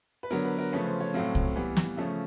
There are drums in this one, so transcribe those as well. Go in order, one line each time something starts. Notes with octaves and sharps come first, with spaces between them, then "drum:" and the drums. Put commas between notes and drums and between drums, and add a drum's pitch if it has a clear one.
B4
D3 F#3 B3 A#4
B4
A#4
C#3 F3 A3 C#4 B4
C5
C#5
A2 F#3 A3 C4 F5
drum: kick C2
E3 G3 B3
drum: snare
C#3 F3 A3 C#4 E5